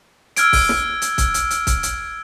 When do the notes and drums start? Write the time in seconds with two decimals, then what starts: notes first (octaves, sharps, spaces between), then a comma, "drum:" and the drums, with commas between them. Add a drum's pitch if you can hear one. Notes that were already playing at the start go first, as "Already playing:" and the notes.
0.36 E6 F6 G#6 D7, drum: hi-hat
0.53 drum: kick, open hi-hat
0.69 drum: snare
1.02 drum: hi-hat
1.18 drum: kick, hi-hat
1.34 drum: hi-hat
1.50 drum: hi-hat
1.67 drum: kick, hi-hat
1.83 drum: hi-hat